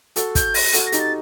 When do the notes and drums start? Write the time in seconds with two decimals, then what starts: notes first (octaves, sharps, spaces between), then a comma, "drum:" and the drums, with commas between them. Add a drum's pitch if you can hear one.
0.16 F#4 A4, drum: hi-hat
0.35 G6, drum: kick, hi-hat
0.54 A#6, drum: open hi-hat
0.73 F#4 A4, drum: hi-hat
0.86 A#6
0.92 D#4 G4, drum: hi-hat
0.99 A6